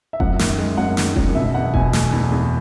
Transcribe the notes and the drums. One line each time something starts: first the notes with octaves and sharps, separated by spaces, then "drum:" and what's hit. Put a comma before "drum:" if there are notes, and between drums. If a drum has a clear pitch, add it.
E5
F#2 F#5, drum: kick E1
D#3, drum: snare
E5
G#3
F#2 F#5
D#3, drum: snare
F#2, drum: kick E1
B2 E5
E2 F#5
B2 G#5, drum: kick E1
A3, drum: snare
E2
E2